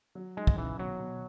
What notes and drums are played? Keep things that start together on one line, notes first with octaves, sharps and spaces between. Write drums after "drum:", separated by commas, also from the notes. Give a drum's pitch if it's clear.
F#3
G#3 D#4
drum: kick
C#3 E3
B2 F#3
B2